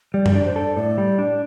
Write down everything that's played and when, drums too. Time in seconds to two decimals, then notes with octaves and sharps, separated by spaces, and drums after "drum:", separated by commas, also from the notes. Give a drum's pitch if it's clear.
0.14 G3 D5
0.26 drum: tom F#2
0.35 D4 D5
0.46 C5
0.56 A4 D5
0.77 A2 D5
0.98 G3
1.19 D4